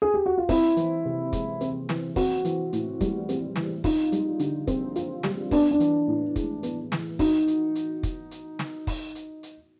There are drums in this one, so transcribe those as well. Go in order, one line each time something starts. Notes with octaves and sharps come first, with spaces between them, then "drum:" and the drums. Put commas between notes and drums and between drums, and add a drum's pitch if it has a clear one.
G#4
G4
F#4
F4
C4 E4, drum: kick, open hi-hat
E3, drum: hi-hat
C3
G#3, drum: kick, hi-hat
C4, drum: hi-hat
E3, drum: snare
C4 F#4, drum: kick, open hi-hat
E3, drum: hi-hat
A2, drum: hi-hat
G3, drum: kick, hi-hat
C4, drum: hi-hat
E3, drum: snare
D#4 F4, drum: kick, open hi-hat
G3, drum: hi-hat
D3, drum: hi-hat
C4, drum: kick, hi-hat
F4, drum: hi-hat
G3, drum: snare
B3 D4, drum: kick, open hi-hat
D4
E3, drum: hi-hat
A2
G#3, drum: kick, hi-hat
B3, drum: hi-hat
E3, drum: snare
D#4 F#4, drum: kick, open hi-hat
drum: hi-hat
drum: hi-hat
drum: kick, hi-hat
drum: hi-hat
drum: snare
drum: kick, open hi-hat
drum: hi-hat
drum: hi-hat